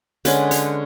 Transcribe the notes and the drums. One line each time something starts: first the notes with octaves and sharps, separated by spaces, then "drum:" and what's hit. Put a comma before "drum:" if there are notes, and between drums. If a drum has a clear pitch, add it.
D3 G#3 C#4 B4, drum: hi-hat
C#5, drum: hi-hat